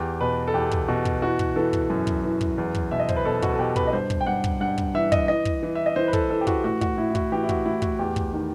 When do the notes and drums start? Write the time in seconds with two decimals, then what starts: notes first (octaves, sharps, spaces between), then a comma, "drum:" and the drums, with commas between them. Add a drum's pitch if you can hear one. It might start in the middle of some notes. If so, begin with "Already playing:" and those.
Already playing: E2 G4
0.21 B2 B4
0.48 A4
0.54 E2 G4
0.71 drum: kick
0.88 B2 F#4
1.05 drum: kick
1.22 E3 F#4
1.39 drum: kick
1.56 E3 A4
1.73 drum: kick
1.90 F#2
2.07 drum: kick
2.24 E3
2.41 drum: kick
2.58 E2
2.75 drum: kick
2.91 B2 E5
3.00 D#5
3.09 C5, drum: kick
3.16 B4
3.25 B2 A4
3.42 F#4, drum: kick
3.53 A4
3.59 B2 G4
3.76 B4, drum: kick
3.87 D#5
3.93 G2 C5
4.10 drum: kick
4.21 G5
4.26 G2 F#5
4.44 drum: kick
4.60 G2 F#5
4.78 drum: kick
4.94 E3 E5
5.12 D#5, drum: kick
5.28 E3 D#5
5.45 drum: kick
5.63 E3
5.75 E5
5.86 D#5
5.96 E3 C5
6.08 B4
6.13 A4, drum: kick
6.30 E3 A4
6.41 G4
6.47 F#4, drum: kick
6.64 A2 F#4
6.81 F#4, drum: kick
6.98 A2 E4
7.10 E4
7.15 F#4, drum: kick
7.32 E3 G4
7.43 E4
7.49 F#4, drum: kick
7.65 A2 E4
7.82 F#4, drum: kick
7.99 E2 G4
8.16 drum: kick
8.33 D#3